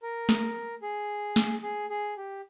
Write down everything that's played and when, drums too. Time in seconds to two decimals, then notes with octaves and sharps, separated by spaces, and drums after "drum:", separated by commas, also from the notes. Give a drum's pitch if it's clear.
0.03 A#4
0.29 drum: snare
0.82 G#4
1.36 drum: snare
1.63 G#4
1.90 G#4
2.17 G4